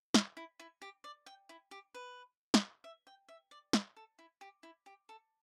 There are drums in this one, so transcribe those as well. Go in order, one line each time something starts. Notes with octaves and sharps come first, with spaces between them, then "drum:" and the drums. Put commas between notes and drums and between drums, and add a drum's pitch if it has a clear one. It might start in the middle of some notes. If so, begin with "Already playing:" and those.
E4, drum: snare
E4
E4
G4
D5
G5
E4
G4
B4
drum: snare
E5
G5
E5
D5
B4, drum: snare
A4
E4
G4
E4
G4
A4